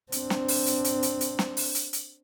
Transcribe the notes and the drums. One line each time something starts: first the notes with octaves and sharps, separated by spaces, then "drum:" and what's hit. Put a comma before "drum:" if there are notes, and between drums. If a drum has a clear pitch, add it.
C4 D4, drum: hi-hat
drum: snare
drum: open hi-hat
drum: hi-hat
drum: hi-hat
drum: hi-hat
drum: hi-hat
drum: snare
drum: open hi-hat
drum: hi-hat
drum: hi-hat